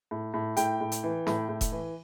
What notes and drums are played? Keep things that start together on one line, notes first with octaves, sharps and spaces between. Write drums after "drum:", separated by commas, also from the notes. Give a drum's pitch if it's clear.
A2
A2
A2 G5, drum: hi-hat
A2
drum: hi-hat
E3
A2, drum: snare
A2
drum: kick E1, hi-hat
E3